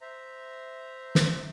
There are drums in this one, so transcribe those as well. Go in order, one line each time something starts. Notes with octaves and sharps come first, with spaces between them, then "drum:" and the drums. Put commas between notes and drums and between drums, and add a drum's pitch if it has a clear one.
C5 E5 A#5
drum: snare